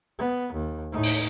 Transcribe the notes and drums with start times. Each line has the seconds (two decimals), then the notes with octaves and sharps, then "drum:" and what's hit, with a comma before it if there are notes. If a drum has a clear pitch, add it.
0.18 B3
0.53 D#2
0.92 A2 D#4
1.03 drum: open hi-hat